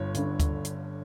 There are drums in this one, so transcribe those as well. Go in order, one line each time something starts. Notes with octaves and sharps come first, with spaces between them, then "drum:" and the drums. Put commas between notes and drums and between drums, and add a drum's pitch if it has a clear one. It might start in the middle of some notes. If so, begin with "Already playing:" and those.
Already playing: G1 G2 D3 C#5
G1 G2 D3, drum: hi-hat
drum: kick D2, hi-hat
drum: hi-hat